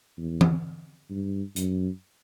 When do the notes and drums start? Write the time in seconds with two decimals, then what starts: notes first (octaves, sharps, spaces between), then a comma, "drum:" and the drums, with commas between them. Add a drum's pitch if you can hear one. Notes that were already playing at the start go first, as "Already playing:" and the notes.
0.17 E2
0.41 drum: tom E3
1.10 G2
1.56 F#2, drum: hi-hat